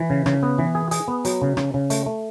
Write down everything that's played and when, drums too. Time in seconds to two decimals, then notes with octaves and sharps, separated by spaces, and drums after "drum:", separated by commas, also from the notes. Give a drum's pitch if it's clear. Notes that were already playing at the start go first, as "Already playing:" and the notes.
Already playing: E3
0.10 C#3
0.26 C#3, drum: rim click
0.43 B3
0.58 E3
0.75 G#4
0.91 G#4, drum: hi-hat
1.08 B3
1.25 F#3, drum: hi-hat
1.42 C#3
1.57 C#3, drum: rim click
1.74 C#3
1.90 A3, drum: hi-hat
2.06 A3